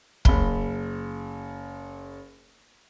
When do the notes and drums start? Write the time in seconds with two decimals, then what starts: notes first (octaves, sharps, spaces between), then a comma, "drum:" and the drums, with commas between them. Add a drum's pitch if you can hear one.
0.25 F#1 B5 G7, drum: kick